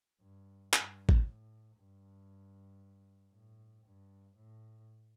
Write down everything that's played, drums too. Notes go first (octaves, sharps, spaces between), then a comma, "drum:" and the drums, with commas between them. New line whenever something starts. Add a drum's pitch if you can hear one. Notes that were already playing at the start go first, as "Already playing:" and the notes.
G2
G2, drum: clap
drum: kick
A2
G2
A2
G2
A2